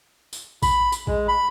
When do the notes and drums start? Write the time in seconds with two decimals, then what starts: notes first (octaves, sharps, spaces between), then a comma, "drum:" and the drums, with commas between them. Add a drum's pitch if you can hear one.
0.33 drum: tambourine
0.63 B5, drum: kick A1, tambourine
0.92 drum: tambourine
1.07 G#3, drum: kick A1
1.28 B5